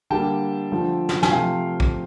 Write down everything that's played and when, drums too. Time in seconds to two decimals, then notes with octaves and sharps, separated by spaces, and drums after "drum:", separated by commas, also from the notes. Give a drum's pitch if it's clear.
0.10 D3 G3 A#3 G5 A5
0.72 D3 F3 A3
1.09 drum: snare
1.23 G#5, drum: snare
1.31 C3 F3 A3 F5 G5
1.80 drum: kick